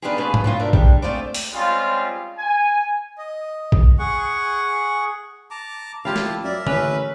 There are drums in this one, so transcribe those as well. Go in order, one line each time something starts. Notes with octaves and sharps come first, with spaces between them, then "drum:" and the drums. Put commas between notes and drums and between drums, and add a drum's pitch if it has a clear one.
B3 D4 D#4 F4 G4 G#4
C3 A3 F4 G#4 B4 G#5
drum: tom G#2
A2 C3 F4
D2 B2 D4 D#4 A#4 E5
G3 G#3 D4, drum: kick A#1
A3 C4 F4 G#4 C5 D5
drum: open hi-hat
G3 G#3 C4 C#4 F4
G#5
D#5
drum: kick A#1
G#4 F#5 C#6
A5 A#5 D6
A1 E4 F4 G4 F5 A5
drum: snare
F#2 A#4 D5 E5
A1 C#4 B4, drum: tom D3